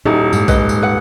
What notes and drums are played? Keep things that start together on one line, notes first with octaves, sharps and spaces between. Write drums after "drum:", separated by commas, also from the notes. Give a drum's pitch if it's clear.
D#1 D#4 E4 F#4
G#2, drum: tambourine
B4 D#5, drum: kick A#1, tambourine
drum: tambourine
B4 F#5